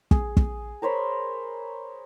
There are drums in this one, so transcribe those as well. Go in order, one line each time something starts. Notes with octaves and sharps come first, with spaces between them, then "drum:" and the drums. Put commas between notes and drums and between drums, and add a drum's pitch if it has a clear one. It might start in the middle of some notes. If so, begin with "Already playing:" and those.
G#4, drum: kick
drum: kick
A#4 C5 C#5 B5